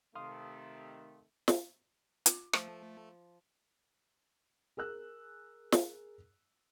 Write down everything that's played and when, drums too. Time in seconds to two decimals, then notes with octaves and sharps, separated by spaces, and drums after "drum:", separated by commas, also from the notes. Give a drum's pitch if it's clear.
0.15 C3 D#3 A3 F5 C6 D#6
1.48 drum: snare
2.26 F4 D6, drum: hi-hat
2.53 F3 A3, drum: rim click
4.77 G#4 A#4 E6 F#6
5.72 drum: snare